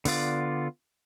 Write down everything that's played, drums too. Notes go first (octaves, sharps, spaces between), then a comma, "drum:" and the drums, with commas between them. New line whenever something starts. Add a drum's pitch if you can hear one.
D3 B3 F4 D5, drum: open hi-hat